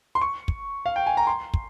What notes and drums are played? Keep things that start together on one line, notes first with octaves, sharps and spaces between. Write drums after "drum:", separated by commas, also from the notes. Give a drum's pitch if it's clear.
C6
C#6
drum: kick
F5
G5
G#5
A#5
C6
drum: kick